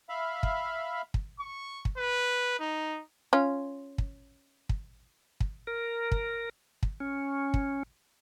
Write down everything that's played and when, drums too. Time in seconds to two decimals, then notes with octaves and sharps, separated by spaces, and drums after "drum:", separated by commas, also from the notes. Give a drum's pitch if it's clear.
0.09 E5 F5 B5
0.43 drum: kick
1.14 drum: kick
1.40 C#6
1.85 drum: kick
1.97 B4
2.60 D#4
3.33 C#4 F4
3.98 drum: kick
4.69 drum: kick
5.40 drum: kick
5.67 A#4
6.12 drum: kick
6.83 drum: kick
7.00 C#4
7.54 drum: kick